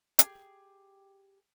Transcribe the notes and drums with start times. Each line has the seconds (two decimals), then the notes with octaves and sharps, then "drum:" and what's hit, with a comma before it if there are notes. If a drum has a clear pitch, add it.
0.19 G4 G#4, drum: hi-hat